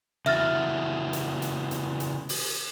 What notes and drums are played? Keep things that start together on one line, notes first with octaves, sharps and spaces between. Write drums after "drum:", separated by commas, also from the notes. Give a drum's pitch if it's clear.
C#3 E3 F#4 E5 F6 A6, drum: rim click
drum: hi-hat
drum: hi-hat
drum: hi-hat
drum: hi-hat
drum: open hi-hat